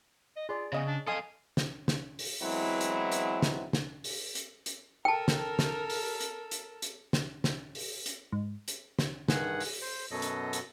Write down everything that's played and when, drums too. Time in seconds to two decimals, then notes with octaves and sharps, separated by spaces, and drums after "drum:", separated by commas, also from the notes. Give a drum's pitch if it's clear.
0.36 D#5
0.49 F4 G#4 D5
0.73 C#3 B3 C#5 D#5 G#5
0.86 D4
1.07 A4 D#5 F5 G#5 C6 D#6
1.57 drum: snare
1.88 drum: snare
2.19 drum: open hi-hat
2.42 E3 F#3 G#3 B3 C4 E4
2.81 drum: hi-hat
3.12 drum: hi-hat
3.42 drum: snare
3.73 drum: snare
4.04 drum: open hi-hat
4.35 drum: hi-hat
4.66 drum: hi-hat
5.05 A4 A#4 G5 A5
5.28 drum: snare
5.59 drum: snare
5.90 drum: open hi-hat
6.21 drum: hi-hat
6.51 drum: hi-hat
6.82 drum: hi-hat
7.13 drum: snare
7.44 drum: snare
7.75 drum: open hi-hat
8.06 drum: hi-hat
8.32 G#2
8.68 drum: hi-hat
8.99 drum: snare
9.28 G2 D#3 G#4 F#5, drum: snare
9.60 drum: open hi-hat
9.82 C5
10.11 F#2 B2 F#3 A4 D#5
10.22 drum: hi-hat
10.53 drum: hi-hat